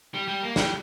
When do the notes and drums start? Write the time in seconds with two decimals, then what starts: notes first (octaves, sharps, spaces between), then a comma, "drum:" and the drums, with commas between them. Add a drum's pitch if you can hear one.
0.14 G3
0.28 G3
0.42 A#3
0.56 G3, drum: snare